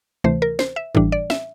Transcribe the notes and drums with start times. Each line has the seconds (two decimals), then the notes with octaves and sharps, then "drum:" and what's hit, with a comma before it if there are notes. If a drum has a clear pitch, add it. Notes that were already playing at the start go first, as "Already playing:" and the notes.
0.24 D2 C3 E3 A3 C5
0.42 A#4
0.59 C5, drum: snare
0.76 E5
0.95 A2 E3 G3 D4, drum: kick
1.12 D5
1.30 E5, drum: snare